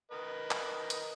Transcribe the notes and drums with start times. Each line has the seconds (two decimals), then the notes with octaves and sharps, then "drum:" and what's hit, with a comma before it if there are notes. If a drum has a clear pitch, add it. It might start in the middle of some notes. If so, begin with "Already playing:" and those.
0.12 A#4 B4 D#5
0.51 drum: clap
0.90 drum: hi-hat